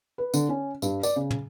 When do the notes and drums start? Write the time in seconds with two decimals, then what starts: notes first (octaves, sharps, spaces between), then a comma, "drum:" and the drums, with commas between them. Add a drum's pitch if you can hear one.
0.18 B4
0.34 D3, drum: tambourine
0.49 C#4
0.82 G2, drum: tambourine
1.03 D5, drum: tambourine
1.16 C#3
1.31 drum: tom